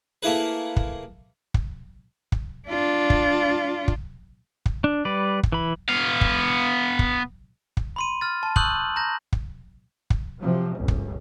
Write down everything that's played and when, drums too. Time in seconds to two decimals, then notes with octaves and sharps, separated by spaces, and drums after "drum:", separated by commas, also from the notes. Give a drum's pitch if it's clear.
0.23 A3 A#3 E4 G#4 B4
0.76 drum: kick
1.54 drum: kick
2.32 drum: kick
2.68 D4 F4
3.10 drum: kick
3.88 drum: kick
4.66 drum: kick
4.84 D4
5.05 G3 B4 D5
5.43 drum: kick
5.52 E3 B5
5.89 B3 F5
6.21 drum: kick
6.99 drum: kick
7.77 drum: kick
7.96 B5 C6 D#7
8.21 F6 A6
8.43 A5
8.56 C#6 D#6 E6 F#6 G6 F#7, drum: kick
8.96 A#5 G6 A#6
9.33 drum: kick
10.10 drum: kick
10.39 C3 F3 F#3
10.75 G1 C#2
10.88 drum: kick